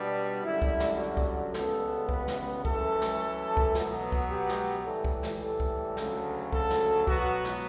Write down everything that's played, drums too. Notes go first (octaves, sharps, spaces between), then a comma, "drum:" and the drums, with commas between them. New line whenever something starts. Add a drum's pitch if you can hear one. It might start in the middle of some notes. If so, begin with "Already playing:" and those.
Already playing: B2 G3 B3 D4
F#2 D3 G3 E4
drum: kick C2
drum: snare
F#4
drum: kick C2
C#2 C#3 G3 B3 A4, drum: snare
B4, drum: kick C2
drum: snare
F#2 E3 A3 A4, drum: kick C2
drum: snare
drum: kick C2
B2 F#3 B3, drum: snare
drum: kick C2
G4
drum: snare
A2 E3 G3 A4
drum: kick C2
drum: snare
A4
drum: kick C2
D2 C#3 F#3, drum: snare
A4, drum: kick C2
drum: snare
B2 F#3 B3 F#4, drum: kick C2
drum: snare